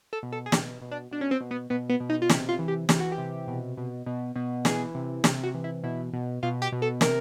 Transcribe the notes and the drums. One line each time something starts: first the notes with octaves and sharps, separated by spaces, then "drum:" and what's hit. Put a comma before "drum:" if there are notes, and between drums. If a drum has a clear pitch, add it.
A4
B2
A4
G#4
B2 G4, drum: snare
B2
D4
B2 D4
C#4
C4
B2
B3
B2 B3
B3
B2
D#4
F4
C3 E4, drum: snare
F4
E3
G4
E3 G4, drum: snare
F#4
G4
C3
B2
B2
B2
B2
E3 G#4, drum: snare
C3
C3 G4, drum: snare
F#4
E3
E4
B2 E4
B2
B2 F4
G4
B2
A4
C3 A#4, drum: snare